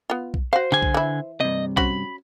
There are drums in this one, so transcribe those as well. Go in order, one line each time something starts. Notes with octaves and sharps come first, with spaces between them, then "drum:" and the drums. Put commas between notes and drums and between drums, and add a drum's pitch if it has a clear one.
B3 F4
drum: kick
F#4 C5 F5
D3 G3 G#5
drum: kick
E3 E4
G2 C3 D#5
C#4 F#4 C5 B5, drum: kick